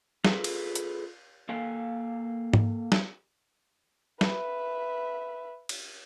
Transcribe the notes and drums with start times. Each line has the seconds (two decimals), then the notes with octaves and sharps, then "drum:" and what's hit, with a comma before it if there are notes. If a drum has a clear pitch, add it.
0.25 F4 G#4 A4 B4, drum: snare
0.44 drum: cymbal
0.75 drum: hi-hat
1.49 A#3 A4 F5 G5 G#5
2.54 drum: tom G#2
2.92 drum: snare
4.21 B4 E5, drum: snare
5.69 drum: cymbal